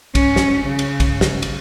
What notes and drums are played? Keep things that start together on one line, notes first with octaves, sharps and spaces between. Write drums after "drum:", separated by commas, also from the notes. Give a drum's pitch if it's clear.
C#4, drum: kick, cymbal
drum: snare
C#3
drum: cymbal
drum: kick, cymbal
drum: snare
drum: cymbal